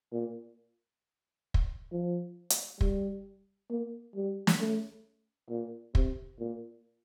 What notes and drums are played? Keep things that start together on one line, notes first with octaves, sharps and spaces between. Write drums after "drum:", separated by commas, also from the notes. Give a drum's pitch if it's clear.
A#2
drum: kick
F3
drum: hi-hat
G3, drum: kick
A#3
G3
drum: snare
A3
A#2
C3, drum: kick
A#2